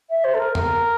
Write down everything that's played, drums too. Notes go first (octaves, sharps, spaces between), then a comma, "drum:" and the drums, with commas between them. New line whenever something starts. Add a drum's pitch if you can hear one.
E5
C5
A4
A#4
A#4, drum: tom E2